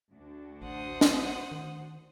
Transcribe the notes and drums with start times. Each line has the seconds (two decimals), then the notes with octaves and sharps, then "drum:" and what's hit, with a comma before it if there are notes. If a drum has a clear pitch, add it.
0.12 D2 D4 F#4
0.62 A1 C5 F#5 D#6
1.01 drum: snare
1.52 D#3